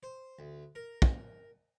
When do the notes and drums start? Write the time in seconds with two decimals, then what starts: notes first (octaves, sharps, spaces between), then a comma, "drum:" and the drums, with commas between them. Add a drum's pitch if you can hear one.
0.03 C5
0.39 D2
0.75 A#4
1.02 drum: kick